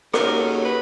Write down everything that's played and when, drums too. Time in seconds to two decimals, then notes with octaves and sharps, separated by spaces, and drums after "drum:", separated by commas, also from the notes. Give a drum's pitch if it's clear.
0.14 D#2 C#3 F#3 A#4, drum: rim click
0.39 A4
0.65 B4